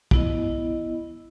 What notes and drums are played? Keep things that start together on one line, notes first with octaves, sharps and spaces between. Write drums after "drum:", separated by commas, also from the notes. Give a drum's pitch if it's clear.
B3 E4 D#5, drum: kick